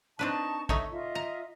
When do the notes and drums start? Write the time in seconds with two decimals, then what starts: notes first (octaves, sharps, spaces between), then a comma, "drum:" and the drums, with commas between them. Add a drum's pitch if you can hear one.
0.19 C4 D4 D#4 B4 A5 C#6
0.69 A3 D#4 C#5 E5, drum: kick A1
0.91 F4 D#5 E5
1.15 A#5